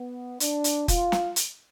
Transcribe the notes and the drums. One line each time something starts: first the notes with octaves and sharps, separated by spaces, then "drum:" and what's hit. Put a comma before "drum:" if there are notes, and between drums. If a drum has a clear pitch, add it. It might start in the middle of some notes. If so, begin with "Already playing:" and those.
Already playing: B3
D4, drum: hi-hat
drum: hi-hat
F4, drum: kick, hi-hat
drum: snare
drum: hi-hat